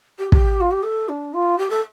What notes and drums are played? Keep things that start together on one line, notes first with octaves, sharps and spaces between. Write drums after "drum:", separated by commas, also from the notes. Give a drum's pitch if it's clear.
G4
G4, drum: kick
F4
G4
A4
D4
F4
G4
A4